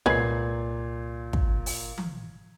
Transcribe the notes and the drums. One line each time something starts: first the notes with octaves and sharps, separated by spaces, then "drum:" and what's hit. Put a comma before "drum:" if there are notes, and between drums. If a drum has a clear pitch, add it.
C2 A#2 G#3 C#4 B4 G#6 C7
drum: kick
drum: open hi-hat
drum: tom E3